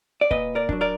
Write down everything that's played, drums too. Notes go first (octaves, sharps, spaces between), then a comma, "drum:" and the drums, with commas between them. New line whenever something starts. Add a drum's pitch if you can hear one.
D5
A#2 B4 D#5, drum: kick
A#4 D5
F#3 D4, drum: kick
A#4 D5